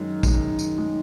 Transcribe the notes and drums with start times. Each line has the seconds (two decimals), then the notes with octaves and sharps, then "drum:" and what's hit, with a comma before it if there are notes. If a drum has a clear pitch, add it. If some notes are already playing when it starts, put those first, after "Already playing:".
Already playing: F#2 D#3 G#3 D#4
0.23 F#2 D#3 G#3 D#4, drum: kick, tambourine
0.59 drum: tambourine
0.76 D#3 G#3 D#4